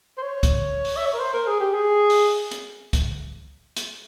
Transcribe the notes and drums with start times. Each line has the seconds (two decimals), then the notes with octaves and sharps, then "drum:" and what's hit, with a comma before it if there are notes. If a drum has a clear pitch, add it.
0.18 C5
0.22 C#5
0.43 drum: kick, hi-hat
0.85 drum: open hi-hat
0.97 E5
1.06 C#5
1.14 A#4
1.20 C5
1.33 A#4
1.47 G#4
1.60 G4
1.74 G#4
2.10 drum: open hi-hat
2.51 drum: hi-hat
2.93 drum: kick, hi-hat
3.76 drum: hi-hat